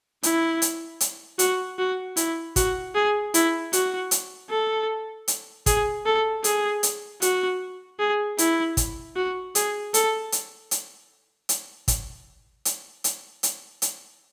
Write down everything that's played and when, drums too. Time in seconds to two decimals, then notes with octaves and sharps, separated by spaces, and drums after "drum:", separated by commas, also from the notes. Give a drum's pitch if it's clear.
0.23 E4, drum: hi-hat
0.62 drum: hi-hat
1.00 drum: hi-hat
1.39 F#4, drum: hi-hat
1.78 F#4
2.17 E4, drum: hi-hat
2.56 F#4, drum: kick, hi-hat
2.95 G#4
3.34 E4, drum: hi-hat
3.73 F#4, drum: hi-hat
4.11 drum: hi-hat
4.50 A4
5.28 drum: hi-hat
5.66 G#4, drum: kick, hi-hat
6.05 A4
6.44 G#4, drum: hi-hat
6.83 drum: hi-hat
7.22 F#4, drum: hi-hat
7.99 G#4
8.38 E4, drum: hi-hat
8.77 drum: kick, hi-hat
9.16 F#4
9.55 G#4, drum: hi-hat
9.94 A4, drum: hi-hat
10.32 drum: hi-hat
10.71 drum: hi-hat
11.49 drum: hi-hat
11.88 drum: kick, hi-hat
12.65 drum: hi-hat
13.04 drum: hi-hat
13.43 drum: hi-hat
13.82 drum: hi-hat